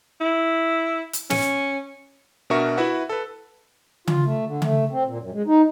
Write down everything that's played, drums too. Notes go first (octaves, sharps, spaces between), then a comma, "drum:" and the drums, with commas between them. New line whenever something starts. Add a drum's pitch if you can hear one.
E4
drum: hi-hat
C#4, drum: snare
B2 D4 F#4 A#4 E5 C#6
E4 F#4 B4 E5 F#5
A4 B4
F4, drum: tom C#3
A3
D3
A3, drum: tom C#3
C4
A#2
F#2
G#3
D#4